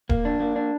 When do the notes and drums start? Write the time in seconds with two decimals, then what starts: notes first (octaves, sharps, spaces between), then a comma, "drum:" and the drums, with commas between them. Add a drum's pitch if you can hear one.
0.09 A#3, drum: kick D#1
0.25 D4
0.40 A#3
0.56 D4